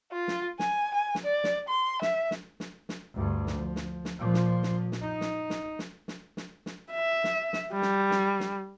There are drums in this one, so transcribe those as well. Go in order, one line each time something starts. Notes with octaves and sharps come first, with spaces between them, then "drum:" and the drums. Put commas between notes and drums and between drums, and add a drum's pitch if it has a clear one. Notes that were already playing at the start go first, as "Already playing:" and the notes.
F4
drum: snare
G#5, drum: snare
G#5
drum: snare
D5
drum: snare
C6
E5, drum: snare
drum: snare
drum: snare
drum: snare
D2 G2
drum: snare
F3
drum: snare
drum: snare
A#2 F3
drum: snare
drum: snare
drum: snare
D#4
drum: snare
drum: snare
drum: snare
drum: snare
drum: snare
drum: snare
E5
drum: snare
drum: snare
G3
drum: snare
drum: snare
drum: snare